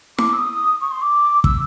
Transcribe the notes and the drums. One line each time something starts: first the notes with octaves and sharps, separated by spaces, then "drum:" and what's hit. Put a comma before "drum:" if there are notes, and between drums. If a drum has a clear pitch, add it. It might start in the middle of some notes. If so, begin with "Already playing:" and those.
D6, drum: snare
E6
D#6
C#6
C6
D6
E6, drum: kick